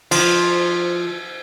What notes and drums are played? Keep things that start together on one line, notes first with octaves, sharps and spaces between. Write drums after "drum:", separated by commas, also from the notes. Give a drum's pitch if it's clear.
F3, drum: cymbal